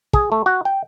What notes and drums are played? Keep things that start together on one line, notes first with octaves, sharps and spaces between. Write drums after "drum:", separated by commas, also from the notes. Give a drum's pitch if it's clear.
G#4, drum: kick
A3
F#4
G5